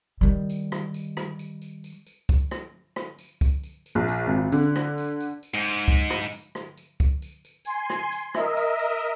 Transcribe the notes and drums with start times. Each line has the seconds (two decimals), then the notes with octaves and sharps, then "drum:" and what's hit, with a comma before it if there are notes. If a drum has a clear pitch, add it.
0.21 D#3 G3
0.50 drum: tambourine
0.72 drum: rim click
0.94 drum: tambourine
1.17 drum: rim click
1.39 drum: tambourine
1.62 drum: tambourine
1.84 drum: tambourine
2.07 drum: tambourine
2.29 drum: kick, tambourine
2.51 drum: rim click
2.96 drum: rim click
3.19 drum: tambourine
3.41 drum: kick, tambourine
3.64 drum: tambourine
3.86 drum: tambourine
3.95 A#1
4.08 drum: tambourine
4.27 G#1
4.52 D3, drum: tambourine
4.76 drum: rim click
4.98 drum: tambourine
5.21 drum: tambourine
5.43 drum: tambourine
5.54 G#2
5.65 drum: tambourine
5.88 drum: kick, tambourine
6.10 drum: rim click
6.33 drum: tambourine
6.55 drum: rim click
6.78 drum: tambourine
7.00 drum: kick, tambourine
7.22 drum: tambourine
7.45 drum: tambourine
7.65 G#5 C6, drum: tambourine
7.90 drum: rim click
8.12 drum: tambourine
8.35 A#4 D#5 E5, drum: rim click
8.57 drum: tambourine
8.79 drum: tambourine